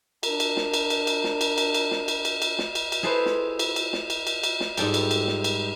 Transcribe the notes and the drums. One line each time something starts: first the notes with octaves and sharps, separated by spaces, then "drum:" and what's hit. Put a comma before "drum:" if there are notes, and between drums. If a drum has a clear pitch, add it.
D4 A#4, drum: cymbal
drum: cymbal
drum: snare
drum: cymbal
drum: cymbal
drum: cymbal
drum: snare
drum: cymbal
drum: cymbal
drum: cymbal
drum: snare
drum: cymbal
drum: cymbal
drum: cymbal
drum: snare
drum: cymbal
drum: cymbal
E4 G#4 A4 B4 C5 E5
drum: snare
drum: cymbal
drum: cymbal
drum: snare
drum: cymbal
drum: cymbal
drum: cymbal
drum: snare
G#2 G3 A4 G5, drum: cymbal
drum: cymbal
drum: cymbal
drum: snare
drum: cymbal